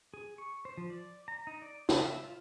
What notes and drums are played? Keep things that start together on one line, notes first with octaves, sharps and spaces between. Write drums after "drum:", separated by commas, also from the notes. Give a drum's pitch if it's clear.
G#4
C#6
C5
F3
D5
A#5
D#4
D5
F4, drum: snare
E5
F4